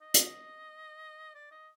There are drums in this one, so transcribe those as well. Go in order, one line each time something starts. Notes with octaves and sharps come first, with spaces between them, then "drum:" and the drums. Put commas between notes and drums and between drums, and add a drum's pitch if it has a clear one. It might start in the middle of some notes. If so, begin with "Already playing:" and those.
D#5
drum: hi-hat
D5
D#5